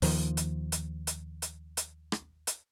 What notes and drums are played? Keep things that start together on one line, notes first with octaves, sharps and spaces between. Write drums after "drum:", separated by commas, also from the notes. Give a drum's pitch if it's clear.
D#2 D#3 F3, drum: open hi-hat
drum: hi-hat
drum: hi-hat
drum: hi-hat
drum: hi-hat
drum: hi-hat
drum: rim click
drum: hi-hat